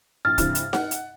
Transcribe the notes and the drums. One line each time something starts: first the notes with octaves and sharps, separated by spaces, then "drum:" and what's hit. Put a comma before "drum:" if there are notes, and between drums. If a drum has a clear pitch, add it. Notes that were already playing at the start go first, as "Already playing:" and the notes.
A#1 F6 A6
G2 C3 E3, drum: kick, hi-hat
drum: hi-hat
F#5, drum: snare D#4
drum: hi-hat